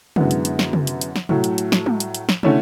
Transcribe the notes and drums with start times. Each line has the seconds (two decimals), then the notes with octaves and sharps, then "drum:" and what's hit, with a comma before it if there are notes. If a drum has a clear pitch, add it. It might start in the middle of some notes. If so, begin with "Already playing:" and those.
0.16 F#2 D3 G#3 B3 E4, drum: tom
0.31 drum: hi-hat
0.45 drum: hi-hat
0.59 drum: snare
0.73 drum: tom
0.87 drum: hi-hat
1.01 drum: hi-hat
1.16 drum: snare
1.29 A2 F#3 A3, drum: tom
1.44 drum: hi-hat
1.58 drum: hi-hat
1.72 drum: snare
1.86 drum: tom
2.00 drum: hi-hat
2.15 drum: hi-hat
2.29 drum: snare
2.43 D3 A3 C#4 E4, drum: tom